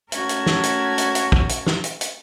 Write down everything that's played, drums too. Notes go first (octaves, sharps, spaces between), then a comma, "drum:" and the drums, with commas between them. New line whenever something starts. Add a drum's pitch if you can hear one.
A3 C#4 F#4 A#4 A5 G#6, drum: hi-hat
drum: hi-hat
drum: snare
drum: hi-hat
drum: hi-hat
drum: hi-hat
drum: kick
drum: hi-hat
drum: snare
drum: hi-hat
drum: hi-hat